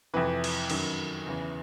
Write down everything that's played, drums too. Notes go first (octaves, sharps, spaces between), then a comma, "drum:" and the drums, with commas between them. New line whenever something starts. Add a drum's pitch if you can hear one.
F2 C3 E3 B4
drum: cymbal
F#2 D#3 F#3, drum: cymbal
E2 C#3 E3